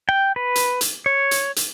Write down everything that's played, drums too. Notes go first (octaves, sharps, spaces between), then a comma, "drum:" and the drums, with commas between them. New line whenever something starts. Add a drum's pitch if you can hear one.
G5
B4
drum: hi-hat
drum: hi-hat
C#5
drum: hi-hat
drum: hi-hat